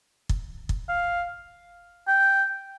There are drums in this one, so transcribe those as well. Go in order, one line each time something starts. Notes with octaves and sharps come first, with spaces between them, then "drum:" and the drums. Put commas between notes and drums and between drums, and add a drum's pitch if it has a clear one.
drum: kick
drum: kick
F5
G5